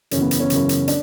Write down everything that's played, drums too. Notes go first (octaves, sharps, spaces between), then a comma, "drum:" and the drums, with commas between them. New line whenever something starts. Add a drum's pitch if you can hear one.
F#2 C#3 E3 C#4, drum: hi-hat
B3
drum: hi-hat
C#4
F#2 C#3 E3, drum: hi-hat
drum: hi-hat
D4, drum: hi-hat